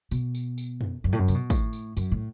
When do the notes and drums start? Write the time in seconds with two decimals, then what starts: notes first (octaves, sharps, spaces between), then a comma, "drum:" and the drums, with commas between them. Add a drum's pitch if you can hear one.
0.11 B2, drum: tambourine
0.35 drum: tambourine
0.58 drum: tambourine
0.81 drum: tom F2
1.04 F#2
1.13 A2
1.19 F#2
1.28 C#3, drum: tambourine
1.35 B2
1.50 A2, drum: kick, tambourine
1.73 drum: tambourine
1.97 F#2, drum: tambourine
2.12 A2